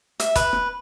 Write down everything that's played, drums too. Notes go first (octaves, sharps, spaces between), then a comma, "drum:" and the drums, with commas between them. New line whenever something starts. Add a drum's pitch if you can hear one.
E5, drum: hi-hat
B4, drum: kick, hi-hat
drum: rim click